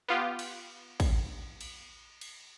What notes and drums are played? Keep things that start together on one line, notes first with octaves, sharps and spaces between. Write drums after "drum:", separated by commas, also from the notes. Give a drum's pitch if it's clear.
B3 F4 G4
drum: cymbal
drum: kick, cymbal
drum: cymbal
drum: cymbal